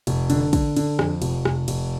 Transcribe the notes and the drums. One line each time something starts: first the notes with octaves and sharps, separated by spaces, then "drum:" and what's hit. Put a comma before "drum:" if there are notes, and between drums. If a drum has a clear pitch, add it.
F1, drum: cymbal
D3, drum: cymbal
D3, drum: kick, cymbal
D3, drum: cymbal
F2, drum: rim click
F1, drum: cymbal
F1, drum: rim click
F1, drum: cymbal